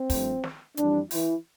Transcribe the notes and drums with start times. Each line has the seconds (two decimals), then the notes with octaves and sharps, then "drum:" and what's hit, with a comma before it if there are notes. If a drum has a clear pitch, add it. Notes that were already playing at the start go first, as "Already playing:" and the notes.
Already playing: C4
0.10 G2 F3 A3, drum: kick, open hi-hat
0.44 drum: snare
0.77 F2 E3 G3 D4, drum: hi-hat
1.11 E3 E4, drum: open hi-hat